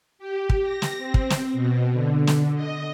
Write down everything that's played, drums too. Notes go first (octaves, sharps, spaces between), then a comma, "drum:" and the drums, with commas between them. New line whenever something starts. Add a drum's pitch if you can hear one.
G4
drum: kick
A#6
drum: snare
C4
drum: kick
drum: snare
B2
D3
drum: snare
D#5